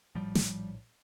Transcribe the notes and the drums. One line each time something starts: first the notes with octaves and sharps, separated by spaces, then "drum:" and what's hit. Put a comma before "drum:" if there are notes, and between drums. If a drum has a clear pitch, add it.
A#1 A2 F3 G3
drum: snare